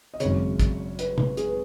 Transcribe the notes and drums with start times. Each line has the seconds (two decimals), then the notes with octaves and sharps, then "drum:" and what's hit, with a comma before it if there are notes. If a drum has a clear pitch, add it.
0.14 D#5
0.20 G#1 F#2 C#3 C#5, drum: hi-hat
0.60 drum: kick, hi-hat
0.99 B4, drum: hi-hat
1.18 B4, drum: tom
1.37 G#4, drum: hi-hat
1.47 B4